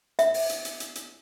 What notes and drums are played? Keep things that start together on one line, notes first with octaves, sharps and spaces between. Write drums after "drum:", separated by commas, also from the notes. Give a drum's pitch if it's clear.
E5, drum: hi-hat
drum: open hi-hat
drum: hi-hat
drum: hi-hat
drum: hi-hat
drum: hi-hat